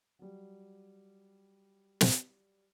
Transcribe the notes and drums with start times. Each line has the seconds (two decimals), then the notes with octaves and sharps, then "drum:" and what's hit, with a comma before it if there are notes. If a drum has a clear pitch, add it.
0.19 F#3 G3
2.01 drum: snare